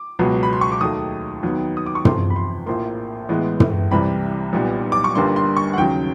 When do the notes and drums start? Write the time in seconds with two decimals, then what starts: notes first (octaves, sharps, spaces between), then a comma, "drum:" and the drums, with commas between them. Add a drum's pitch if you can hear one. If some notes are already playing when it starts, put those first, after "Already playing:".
Already playing: D6
0.19 C#2 B2 F#3 B3
0.43 B5
0.53 C6
0.61 C#6
0.72 D6
0.81 D#2 D#3 F#3 A3 D#6
1.43 D#2 D#3 F#3 B3
1.77 D#6
1.86 D6
1.95 C#6
2.05 E2 C3 F3 C6, drum: tom
2.30 B5
2.36 C6
2.66 A#1 A2 F3 A#3 C6
3.29 A1 A2 E3 G#3 B3
3.60 drum: tom
3.91 C2 C3 E3 G3 B5
4.53 B1 A#2 G3 B3
4.92 D6
5.04 C#6
5.15 G1 G2 D3 G3 A#3 C6
5.36 C6
5.57 C#6
5.73 F#5
5.77 D#2 C#3 F#3 G5